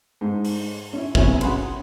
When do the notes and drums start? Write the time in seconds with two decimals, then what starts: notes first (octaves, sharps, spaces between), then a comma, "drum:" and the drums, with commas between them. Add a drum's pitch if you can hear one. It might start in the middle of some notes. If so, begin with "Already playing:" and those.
0.21 G#2
0.45 drum: open hi-hat
0.93 C#4 E4
1.15 B1 C3 F#3 C#5 E5 G#5, drum: kick
1.41 C#4 G#4 F#5 B5 C6, drum: cymbal